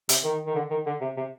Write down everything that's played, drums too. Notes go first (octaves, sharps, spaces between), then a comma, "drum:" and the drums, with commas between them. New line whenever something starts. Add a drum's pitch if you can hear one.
C3, drum: hi-hat
D#3
D#3
D3
D#3
D3
C3
C3